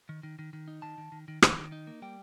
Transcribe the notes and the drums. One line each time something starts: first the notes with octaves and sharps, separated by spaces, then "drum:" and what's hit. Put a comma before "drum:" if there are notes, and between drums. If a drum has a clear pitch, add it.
D#3
D#3
D#3
D#3
D#4
D#3 A5
D#3
D#3
D#3
D#3, drum: rim click
D#3
D#4
A#3
G3 G5